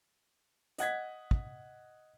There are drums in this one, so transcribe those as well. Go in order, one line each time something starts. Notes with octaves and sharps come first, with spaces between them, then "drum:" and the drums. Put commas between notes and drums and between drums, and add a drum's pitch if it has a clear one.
D#5 F#5 G#6 B6, drum: hi-hat
drum: kick